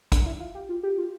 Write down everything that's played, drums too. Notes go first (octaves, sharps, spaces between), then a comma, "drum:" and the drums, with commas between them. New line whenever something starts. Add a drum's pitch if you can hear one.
D4, drum: kick, hi-hat
E4
F4
G4
F4
G4
F4